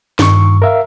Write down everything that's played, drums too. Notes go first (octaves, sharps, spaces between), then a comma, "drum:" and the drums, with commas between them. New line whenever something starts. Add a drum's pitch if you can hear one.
G2 D#3 C#6, drum: snare
A#4 E5 F5